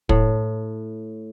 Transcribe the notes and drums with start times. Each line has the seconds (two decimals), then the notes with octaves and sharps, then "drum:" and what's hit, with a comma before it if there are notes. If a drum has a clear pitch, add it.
0.09 A2, drum: kick